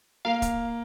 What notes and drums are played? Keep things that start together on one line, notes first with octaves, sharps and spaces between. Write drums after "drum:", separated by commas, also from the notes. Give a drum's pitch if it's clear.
A#3 F5
drum: kick, hi-hat